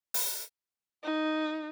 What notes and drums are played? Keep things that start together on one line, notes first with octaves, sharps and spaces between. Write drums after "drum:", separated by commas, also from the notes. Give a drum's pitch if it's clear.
drum: open hi-hat
D#4